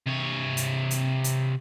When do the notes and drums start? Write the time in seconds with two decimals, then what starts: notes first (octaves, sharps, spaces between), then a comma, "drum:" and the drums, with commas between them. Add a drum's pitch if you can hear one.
0.06 C3 C#5
0.57 drum: hi-hat
0.91 drum: hi-hat
1.24 drum: hi-hat